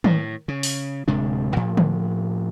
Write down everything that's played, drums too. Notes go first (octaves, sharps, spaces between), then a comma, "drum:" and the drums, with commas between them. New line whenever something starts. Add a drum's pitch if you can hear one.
A2, drum: tom D#3
C#3
drum: open hi-hat
D1 C3 G#3 D4
A2 F3
drum: tom D3